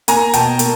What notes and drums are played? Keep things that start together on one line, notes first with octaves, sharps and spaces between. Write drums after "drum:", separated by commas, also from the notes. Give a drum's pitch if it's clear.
A#3 G#5 A#5, drum: hi-hat
B2 G5 A5, drum: hi-hat
A#3, drum: hi-hat